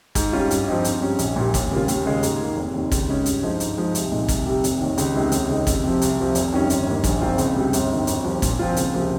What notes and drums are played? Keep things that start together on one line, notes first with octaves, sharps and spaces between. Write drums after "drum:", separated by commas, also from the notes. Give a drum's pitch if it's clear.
G#2, drum: kick, hi-hat
G3 C#4 F4
G2, drum: hi-hat
F3 C4 D#4
G#2, drum: hi-hat
G3 C#4
A#1, drum: hi-hat
A#2 G3
D#2, drum: kick, hi-hat
C#3 G3 A#3 F4
D#2, drum: hi-hat
C#3 G#3
G#2, drum: hi-hat
D#3 A#3
F1
D#2 D#3
C#2, drum: kick, hi-hat
C#3 G#3 C#4
G2, drum: hi-hat
F3 G#3 D#4
G#2, drum: hi-hat
F3 G#3 D#4
C2, drum: hi-hat
A#2 G#3 D#4
C2, drum: kick, hi-hat
C3 G3
F1, drum: hi-hat
D#2 D#3
C#2, drum: hi-hat
C3 D#3 G#3
D#2, drum: hi-hat
C#3 G#3 D#4
F2, drum: kick, hi-hat
C3 F3
C2, drum: hi-hat
C3 F3
F1, drum: hi-hat
F2 D#3 G3 C#4
G1, drum: hi-hat
G2 D#3 A#3
A#1, drum: kick, hi-hat
G#2 F3 C4 F4
C#2, drum: hi-hat
C3 G3
G1, drum: hi-hat
F2 D#3
G#1, drum: hi-hat
G2 F3
A#2, drum: kick, hi-hat
F3 C4 F4
C#2, drum: hi-hat
C3 F3 A#3